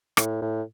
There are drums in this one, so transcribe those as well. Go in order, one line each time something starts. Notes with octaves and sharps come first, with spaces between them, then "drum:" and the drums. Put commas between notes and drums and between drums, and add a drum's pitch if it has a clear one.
A2, drum: rim click
A2